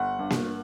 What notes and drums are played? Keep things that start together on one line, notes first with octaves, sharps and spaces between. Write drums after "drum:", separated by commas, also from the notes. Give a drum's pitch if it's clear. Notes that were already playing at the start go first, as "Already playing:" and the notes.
Already playing: G1 F#5
G2
drum: snare A#3